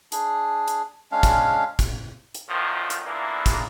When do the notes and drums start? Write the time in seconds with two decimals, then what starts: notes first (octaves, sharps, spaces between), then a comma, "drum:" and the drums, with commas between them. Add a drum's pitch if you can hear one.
0.12 D4 G#4, drum: hi-hat
0.68 drum: hi-hat
1.12 G#3 C#4 D4 F5
1.23 drum: kick, hi-hat
1.79 drum: kick, hi-hat
2.34 drum: hi-hat
2.49 F#2 A2 D#3 F3
2.90 drum: hi-hat
3.05 A#2 D3 E3 A#3 B3 E4
3.46 drum: kick, hi-hat